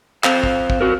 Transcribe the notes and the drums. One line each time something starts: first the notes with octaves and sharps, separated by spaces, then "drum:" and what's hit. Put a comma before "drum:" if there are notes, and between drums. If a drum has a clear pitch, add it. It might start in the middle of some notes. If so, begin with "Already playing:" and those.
C4 C5 F5, drum: clap
drum: kick
drum: kick
F#4 A#4